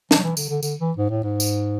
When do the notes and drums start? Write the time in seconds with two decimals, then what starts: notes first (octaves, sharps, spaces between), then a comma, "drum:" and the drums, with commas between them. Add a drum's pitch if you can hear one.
0.11 E3, drum: snare
0.18 F#3
0.23 E3
0.37 D3, drum: tambourine
0.50 D3
0.63 D3, drum: tambourine
0.80 E3
0.97 G#2
1.10 A2
1.23 G#2
1.40 drum: tambourine